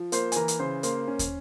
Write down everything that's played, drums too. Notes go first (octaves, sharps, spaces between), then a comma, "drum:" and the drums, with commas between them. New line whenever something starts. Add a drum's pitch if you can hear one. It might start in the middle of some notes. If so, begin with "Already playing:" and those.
Already playing: F3
A#3 C5 C6, drum: hi-hat
G#5, drum: hi-hat
E3 A#4 A#5
drum: hi-hat
C#3 C5 C6
A#3 C5 C6, drum: hi-hat
C#4
drum: kick, hi-hat